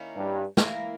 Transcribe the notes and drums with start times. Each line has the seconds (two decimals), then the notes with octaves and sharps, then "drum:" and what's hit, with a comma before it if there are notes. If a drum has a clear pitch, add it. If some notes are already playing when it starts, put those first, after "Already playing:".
Already playing: D#3 A#3 C#4 E4
0.16 G2
0.57 E3 A#3 E4 A#4, drum: snare